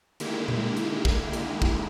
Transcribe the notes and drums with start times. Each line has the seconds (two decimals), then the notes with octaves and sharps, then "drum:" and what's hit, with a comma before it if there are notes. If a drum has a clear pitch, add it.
0.20 D3 D#3 G#3 A#3 E4 G4, drum: hi-hat
0.48 drum: tom A#2
0.77 drum: hi-hat
1.05 drum: kick
1.33 drum: hi-hat
1.62 drum: kick